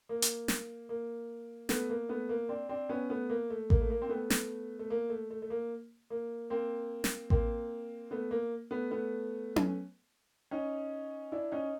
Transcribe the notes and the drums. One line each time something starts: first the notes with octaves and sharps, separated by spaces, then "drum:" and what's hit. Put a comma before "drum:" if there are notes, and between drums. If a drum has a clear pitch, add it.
A#3
drum: hi-hat
drum: snare
A#3
A3 B3, drum: snare
A#3
A3 B3
A#3
C4 D4
C4 D4
B3 C#4
A3 B3
A#3
A3
A#3, drum: kick A1
A3
A#3
C4
A3 B3
drum: snare
A3
A#3
A3
A3
A3
A#3
A#3
A#3 C4
drum: snare
A#3 C4, drum: kick A1
A3 B3
A#3
A3 B3
A3 B3
drum: tom C#4
C#4 D#4
D4 E4
C#4 D#4